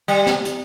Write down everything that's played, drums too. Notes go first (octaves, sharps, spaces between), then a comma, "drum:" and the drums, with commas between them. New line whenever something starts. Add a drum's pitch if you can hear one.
G3, drum: hi-hat
drum: snare
drum: hi-hat